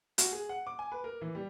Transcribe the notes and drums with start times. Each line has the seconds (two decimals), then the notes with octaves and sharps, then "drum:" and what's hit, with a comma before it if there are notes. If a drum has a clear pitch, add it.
0.18 F#4, drum: hi-hat
0.32 G#4
0.49 F#5
0.67 D6
0.79 G#5
0.92 B4
1.04 A#4
1.21 E3
1.35 G3